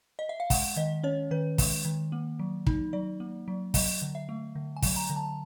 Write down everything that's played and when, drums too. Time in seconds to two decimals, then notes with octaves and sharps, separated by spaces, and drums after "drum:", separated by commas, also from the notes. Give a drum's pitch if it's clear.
0.19 D#5
0.29 E5
0.40 F5
0.50 G#3 F#5, drum: kick, open hi-hat
0.76 D#3 D#5
1.03 C#4 C#5
1.31 D#3 B4
1.58 G#3, drum: kick, open hi-hat
1.85 D#3
2.12 A#3
2.39 F#3
2.67 D#4, drum: kick
2.93 F#3 D5
3.20 A#3
3.48 F#3
3.74 F#3 D#5, drum: kick, open hi-hat
4.02 D3
4.15 E5
4.29 A3
4.56 D3
4.77 G#5
4.82 F#3, drum: kick, open hi-hat
4.96 A#5
5.10 D3
5.16 A5